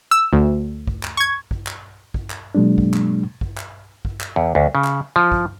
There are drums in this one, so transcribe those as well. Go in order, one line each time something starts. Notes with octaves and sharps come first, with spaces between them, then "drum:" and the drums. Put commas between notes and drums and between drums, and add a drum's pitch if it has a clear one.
E6
D2
drum: kick
drum: clap
C#6 G#6
drum: kick
drum: clap
drum: kick
drum: clap
B2 F#3 G#3 A#3 D4
drum: kick
drum: clap
drum: kick
drum: clap
drum: kick
drum: clap
E2
D2
C#3
drum: clap
F3
drum: kick